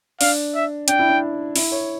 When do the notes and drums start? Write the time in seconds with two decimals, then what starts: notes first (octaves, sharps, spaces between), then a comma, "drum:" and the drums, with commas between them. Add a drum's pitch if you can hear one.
0.21 D4 F5, drum: open hi-hat
0.55 E5
0.88 D4 G5, drum: hi-hat
0.99 E4
1.09 D4
1.56 E4, drum: open hi-hat
1.72 C#5